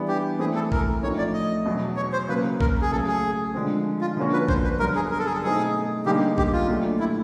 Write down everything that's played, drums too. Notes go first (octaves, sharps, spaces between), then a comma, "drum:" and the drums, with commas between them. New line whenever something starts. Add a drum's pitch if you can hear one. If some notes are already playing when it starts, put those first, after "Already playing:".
Already playing: E3 G3 B3 D4
G4
E3 A3 C4 G#4
A4
A#4, drum: kick A#1
A2 F3 A3 C4 D#4 C#5
D5
D#5
E2 B2 F#3
C#5
C5
C#3 F#3 A#3 B4
A#4, drum: kick A#1
G#4
C#3 F#3 A3 A4
G#4
D3 F3 G#3 C4
F4
D3 F3 A#3 C#4 F#4
B4
C5, drum: kick A#1
B4
G2 D3 F#3 B3 A#4
G#4
A#4
A4
G#4
A4
B2 F#3 A3 C4 D#4 G#4
D3 G3 A#3 D#4 G4 G#4
G4, drum: kick A#1
F4
A#2 F#3 A3 D4 G4
E4